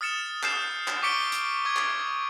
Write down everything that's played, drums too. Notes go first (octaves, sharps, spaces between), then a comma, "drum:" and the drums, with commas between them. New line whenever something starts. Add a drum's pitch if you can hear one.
D#6 F6 A6 C#7 E7
D#6 F6 G6 C7 E7, drum: clap
drum: clap
C#6 D6 B6 C#7 D7 G7
drum: hi-hat
C#6 D#6 G#6
drum: clap